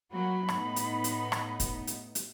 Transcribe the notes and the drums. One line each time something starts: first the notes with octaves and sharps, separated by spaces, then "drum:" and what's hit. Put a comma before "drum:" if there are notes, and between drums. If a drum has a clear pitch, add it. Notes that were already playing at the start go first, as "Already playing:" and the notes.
F#3 A#3 F#4 B5
A2 B3 D#4, drum: rim click
drum: hi-hat
drum: hi-hat
drum: rim click
drum: kick, hi-hat
drum: hi-hat
drum: hi-hat